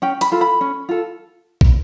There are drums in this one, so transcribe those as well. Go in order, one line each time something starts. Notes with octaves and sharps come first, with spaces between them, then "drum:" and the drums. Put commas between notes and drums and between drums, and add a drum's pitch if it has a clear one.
C#4 G5
B5, drum: hi-hat
F4 A4
B5
C#4
F4 A4
drum: kick